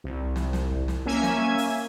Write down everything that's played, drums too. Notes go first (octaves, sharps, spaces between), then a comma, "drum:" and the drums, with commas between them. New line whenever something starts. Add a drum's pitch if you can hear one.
C2
drum: snare
drum: snare
drum: kick
drum: snare
A#3 C#4 E5 G#5 G#6
drum: snare
drum: open hi-hat